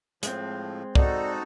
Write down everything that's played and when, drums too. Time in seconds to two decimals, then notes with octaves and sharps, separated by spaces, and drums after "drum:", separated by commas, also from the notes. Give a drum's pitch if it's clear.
0.23 A2 F3 G#3 C4, drum: hi-hat
0.95 D#4 F#4 A4 D5, drum: kick